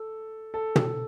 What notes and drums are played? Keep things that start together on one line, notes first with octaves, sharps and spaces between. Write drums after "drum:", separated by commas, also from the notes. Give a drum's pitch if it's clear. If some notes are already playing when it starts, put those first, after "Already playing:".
Already playing: A4
A4
drum: tom